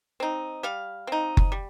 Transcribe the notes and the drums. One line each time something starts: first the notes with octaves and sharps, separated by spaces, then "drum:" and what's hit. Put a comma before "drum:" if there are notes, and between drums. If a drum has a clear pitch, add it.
C4 D#4
G3 F5
C4 D#4
drum: kick F#1
G3